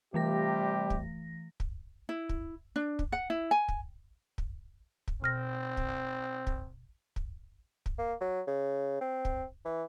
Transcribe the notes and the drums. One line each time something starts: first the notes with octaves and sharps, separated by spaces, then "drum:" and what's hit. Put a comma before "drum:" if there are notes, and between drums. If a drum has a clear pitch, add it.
C3 E3 G3 A3 G4 A#6
drum: kick
drum: kick
E4
drum: kick
D4
drum: kick
F#5
E4
G#5
drum: kick
drum: kick
drum: kick
B2 C4 F6 A#6
drum: kick
drum: kick
drum: kick
drum: kick
A#3
F#3
C#3
C4
drum: kick
E3